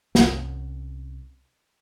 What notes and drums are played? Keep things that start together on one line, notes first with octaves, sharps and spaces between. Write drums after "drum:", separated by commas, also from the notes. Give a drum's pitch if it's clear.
C2 C#4, drum: snare